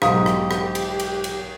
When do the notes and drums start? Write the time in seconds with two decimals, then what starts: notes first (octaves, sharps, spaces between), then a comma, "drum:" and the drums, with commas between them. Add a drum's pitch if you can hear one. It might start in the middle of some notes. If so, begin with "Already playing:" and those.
0.02 B1 G#2 F#4 G4 F5 A#5 D#6, drum: rim click
0.26 drum: rim click
0.51 drum: rim click
0.75 drum: cymbal
1.00 drum: cymbal
1.24 drum: cymbal